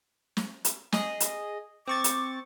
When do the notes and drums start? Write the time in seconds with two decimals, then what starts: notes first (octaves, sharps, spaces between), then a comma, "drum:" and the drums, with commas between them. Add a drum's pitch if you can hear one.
0.37 drum: snare
0.65 drum: hi-hat
0.92 G#4 D#5, drum: snare
1.20 drum: hi-hat
1.87 C4 C#6 D6 A6
2.04 drum: hi-hat